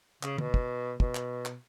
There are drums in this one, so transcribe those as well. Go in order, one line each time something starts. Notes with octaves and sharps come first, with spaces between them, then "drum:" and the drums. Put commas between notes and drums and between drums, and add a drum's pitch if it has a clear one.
C#3, drum: clap
B2, drum: tom
drum: kick
B2, drum: kick
drum: clap
drum: clap